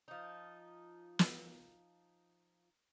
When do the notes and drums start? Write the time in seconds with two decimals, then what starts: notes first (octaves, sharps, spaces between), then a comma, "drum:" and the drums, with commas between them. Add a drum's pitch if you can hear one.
0.08 F3 D#4
1.19 drum: snare